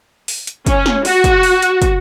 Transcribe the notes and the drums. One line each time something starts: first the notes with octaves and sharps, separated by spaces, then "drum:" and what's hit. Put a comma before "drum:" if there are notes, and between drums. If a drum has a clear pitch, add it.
drum: open hi-hat
drum: hi-hat
C#4, drum: kick, hi-hat
drum: snare
F#4, drum: open hi-hat
drum: kick, hi-hat
drum: open hi-hat
drum: hi-hat
drum: kick, hi-hat